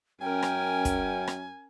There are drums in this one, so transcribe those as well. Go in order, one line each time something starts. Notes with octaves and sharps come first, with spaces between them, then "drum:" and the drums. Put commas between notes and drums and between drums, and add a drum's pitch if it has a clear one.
F#2 C#4 A#4 G5 G#5
drum: rim click
drum: kick, hi-hat
drum: rim click